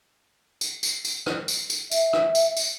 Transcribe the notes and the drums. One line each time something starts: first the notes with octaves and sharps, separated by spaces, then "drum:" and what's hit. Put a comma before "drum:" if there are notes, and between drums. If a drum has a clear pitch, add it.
drum: tambourine
drum: tambourine
drum: tambourine
drum: rim click
drum: tambourine
drum: tambourine
E5, drum: tambourine
drum: rim click
drum: tambourine
drum: tambourine